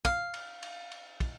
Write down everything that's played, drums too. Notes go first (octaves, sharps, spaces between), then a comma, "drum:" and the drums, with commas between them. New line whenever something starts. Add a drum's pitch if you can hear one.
F5, drum: kick
drum: cymbal
drum: cymbal
drum: cymbal
drum: kick, cymbal